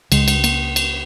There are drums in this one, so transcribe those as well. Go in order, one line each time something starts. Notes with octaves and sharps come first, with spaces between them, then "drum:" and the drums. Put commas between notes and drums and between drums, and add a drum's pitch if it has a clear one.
C#2 C#3 G#3, drum: cymbal
drum: cymbal
A#3, drum: cymbal
drum: cymbal